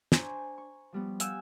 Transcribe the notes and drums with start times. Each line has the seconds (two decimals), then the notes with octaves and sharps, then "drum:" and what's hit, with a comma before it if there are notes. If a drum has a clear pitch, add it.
0.12 D4 C5 G#5 A#5 C6 C#6, drum: snare
0.58 C#6
0.92 F3 G3 B3
1.20 F5 F#5 G#5 E6 G6, drum: hi-hat